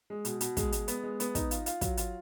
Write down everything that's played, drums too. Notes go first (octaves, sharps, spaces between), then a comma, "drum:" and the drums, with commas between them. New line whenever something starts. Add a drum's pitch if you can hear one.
G#3
B2, drum: hi-hat
B2, drum: hi-hat
G#3, drum: kick, hi-hat
G#3, drum: hi-hat
B3, drum: hi-hat
G#3
B3, drum: hi-hat
D#4, drum: kick, hi-hat
F4, drum: hi-hat
F4, drum: hi-hat
F#3, drum: kick, hi-hat
F4, drum: hi-hat